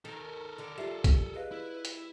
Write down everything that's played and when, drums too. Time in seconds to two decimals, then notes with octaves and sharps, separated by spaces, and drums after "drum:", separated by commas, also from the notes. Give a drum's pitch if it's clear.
0.05 D#3 A4 A#4
0.58 D3 D#3
0.78 G3 F4 G4 E5 C7
1.04 drum: kick, hi-hat
1.35 G#4 B4 D#5 F5
1.52 E4
1.85 drum: hi-hat